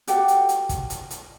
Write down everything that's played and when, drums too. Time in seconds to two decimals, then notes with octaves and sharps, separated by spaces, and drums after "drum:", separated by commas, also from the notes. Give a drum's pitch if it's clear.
0.07 F#4 G4 A4 F#5, drum: hi-hat
0.28 drum: hi-hat
0.49 drum: hi-hat
0.69 drum: kick, hi-hat
0.90 drum: hi-hat
1.11 drum: hi-hat